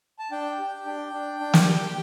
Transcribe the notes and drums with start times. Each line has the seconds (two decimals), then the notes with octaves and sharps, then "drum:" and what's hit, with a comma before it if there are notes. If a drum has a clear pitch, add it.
0.19 A5
0.31 D4 G5
0.58 G4
0.86 D4
1.13 D4
1.40 D4
1.53 drum: snare
1.66 G4